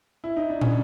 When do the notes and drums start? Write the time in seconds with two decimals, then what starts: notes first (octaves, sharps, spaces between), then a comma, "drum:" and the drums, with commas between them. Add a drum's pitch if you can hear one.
0.24 E4
0.37 D#4
0.50 D4
0.61 C#4, drum: tom